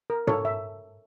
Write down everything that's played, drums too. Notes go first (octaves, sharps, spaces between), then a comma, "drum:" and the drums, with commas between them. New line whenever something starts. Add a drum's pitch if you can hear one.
A#4
A4 C#5, drum: tom G#2
E5